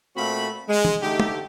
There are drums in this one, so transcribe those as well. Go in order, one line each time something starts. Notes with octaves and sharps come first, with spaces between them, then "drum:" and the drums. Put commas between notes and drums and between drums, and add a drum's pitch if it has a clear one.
A#2 A3 C4 F#4 F5 B5
G#3
drum: tom
D3 A3 D#4 G4
drum: tom